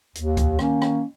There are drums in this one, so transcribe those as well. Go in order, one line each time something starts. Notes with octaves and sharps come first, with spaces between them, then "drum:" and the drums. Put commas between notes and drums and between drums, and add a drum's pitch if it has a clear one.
D#2, drum: hi-hat
drum: kick C#2, hi-hat
D#3 A#3 C#4, drum: rim click
drum: rim click